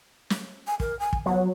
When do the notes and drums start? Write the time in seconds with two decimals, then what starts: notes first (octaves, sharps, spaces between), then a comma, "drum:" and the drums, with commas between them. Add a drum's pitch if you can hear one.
0.30 drum: snare
0.67 G#5
0.80 A#4, drum: kick
0.99 G#5
1.13 drum: kick
1.26 F#3 B3